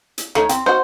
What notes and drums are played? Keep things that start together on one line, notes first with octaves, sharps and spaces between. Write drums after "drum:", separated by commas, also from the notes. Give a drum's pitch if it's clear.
drum: hi-hat
D#3 A3 D#4 C#5, drum: rim click
C4 G5, drum: hi-hat
F#3 C4 D#4 F#4 C5 F5